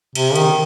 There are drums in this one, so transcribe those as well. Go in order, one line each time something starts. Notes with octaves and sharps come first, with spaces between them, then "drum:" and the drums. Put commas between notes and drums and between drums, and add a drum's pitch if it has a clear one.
C3, drum: cymbal
D#3, drum: cymbal